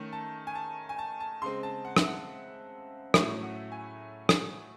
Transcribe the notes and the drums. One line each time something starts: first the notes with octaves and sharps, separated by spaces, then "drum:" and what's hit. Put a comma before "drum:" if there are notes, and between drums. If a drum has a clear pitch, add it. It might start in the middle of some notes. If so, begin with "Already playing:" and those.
Already playing: D#3 A3 C#4
A5
G#5
A5
G#5
A5
A5
C#3 G#3 C4 C6
A5
F#5
E5, drum: rim click
F#5
A2 F#3 A3 C#4 E4 E5, drum: rim click
F#5
G#5
drum: rim click